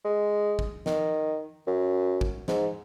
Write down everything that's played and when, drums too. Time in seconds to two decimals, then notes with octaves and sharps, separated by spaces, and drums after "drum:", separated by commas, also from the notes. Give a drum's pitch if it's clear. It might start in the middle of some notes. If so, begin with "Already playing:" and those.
0.05 G#3
0.59 drum: kick
0.86 D#3, drum: snare
1.67 F#2
2.21 drum: kick
2.48 G#2, drum: snare